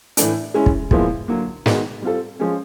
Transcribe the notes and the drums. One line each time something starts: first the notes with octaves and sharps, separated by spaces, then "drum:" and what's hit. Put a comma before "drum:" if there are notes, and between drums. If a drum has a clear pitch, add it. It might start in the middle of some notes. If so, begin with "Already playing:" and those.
A2 E3 A3 D4, drum: hi-hat
G#3 C#4 E4
drum: kick
A#2 F3 G#3 B3 E4, drum: kick
D3 F#3 A#3
D#3 G#3 B3 D#4 F#4, drum: snare
G3 C4 F4 A4
F3 G#3 C#4